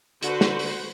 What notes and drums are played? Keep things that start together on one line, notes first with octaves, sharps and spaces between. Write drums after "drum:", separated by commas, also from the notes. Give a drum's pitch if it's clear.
D3 F#4 B4 C5, drum: hi-hat
drum: snare
drum: open hi-hat